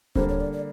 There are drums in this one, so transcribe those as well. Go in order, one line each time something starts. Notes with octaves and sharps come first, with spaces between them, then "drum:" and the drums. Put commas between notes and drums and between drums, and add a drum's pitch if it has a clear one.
D3 G3 A#3 C5, drum: kick D#1
C#5
D5
D5